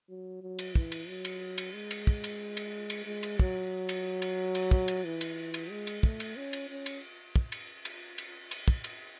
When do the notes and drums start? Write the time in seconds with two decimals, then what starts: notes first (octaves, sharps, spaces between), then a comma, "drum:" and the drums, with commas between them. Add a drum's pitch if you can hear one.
0.09 F#3
0.42 F#3
0.59 drum: cymbal
0.75 E3, drum: kick
0.92 drum: cymbal
1.08 F#3
1.25 drum: cymbal
1.58 drum: cymbal
1.74 G#3
1.91 drum: cymbal
2.07 drum: kick
2.24 drum: cymbal
2.57 drum: cymbal
2.90 drum: cymbal
3.06 G#3
3.23 drum: cymbal
3.40 F#3, drum: kick
3.89 drum: cymbal
4.22 drum: cymbal
4.55 drum: cymbal
4.71 drum: kick
4.88 drum: cymbal
5.05 E3
5.21 drum: cymbal
5.54 drum: cymbal
5.70 G#3
5.87 drum: cymbal
6.03 A3, drum: kick
6.20 drum: cymbal
6.36 C#4
6.53 drum: cymbal
6.70 C#4
6.86 drum: cymbal
7.36 drum: kick
7.52 drum: cymbal
7.85 drum: cymbal
8.18 drum: cymbal
8.51 drum: cymbal
8.68 drum: kick
8.84 drum: cymbal